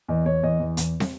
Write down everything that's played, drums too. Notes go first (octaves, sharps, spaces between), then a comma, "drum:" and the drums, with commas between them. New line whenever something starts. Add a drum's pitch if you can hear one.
E2 D#5
E2 C#5
E2 D#5
E2
E2, drum: hi-hat
drum: snare